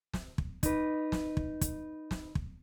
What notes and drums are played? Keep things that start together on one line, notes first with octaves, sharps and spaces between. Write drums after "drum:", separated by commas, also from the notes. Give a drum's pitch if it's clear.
drum: snare
drum: kick
D#4 B4, drum: kick, hi-hat
drum: snare
drum: kick
drum: kick, hi-hat
drum: snare
drum: kick